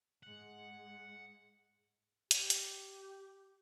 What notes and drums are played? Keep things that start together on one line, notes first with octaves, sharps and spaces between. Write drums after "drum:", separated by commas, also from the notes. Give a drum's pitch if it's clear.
G#2 G#3 F#5
G4, drum: hi-hat
drum: hi-hat